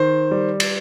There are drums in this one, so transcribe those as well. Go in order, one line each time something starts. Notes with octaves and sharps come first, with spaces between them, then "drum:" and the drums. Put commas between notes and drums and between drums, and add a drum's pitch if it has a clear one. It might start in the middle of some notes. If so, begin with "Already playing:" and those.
Already playing: D#3 C5
G3
drum: cymbal